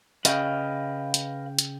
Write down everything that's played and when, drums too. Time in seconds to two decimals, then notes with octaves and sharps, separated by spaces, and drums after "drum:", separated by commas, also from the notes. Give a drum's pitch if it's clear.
0.25 C#3 B4 D#5 F5 G5, drum: hi-hat
1.14 drum: hi-hat
1.59 drum: hi-hat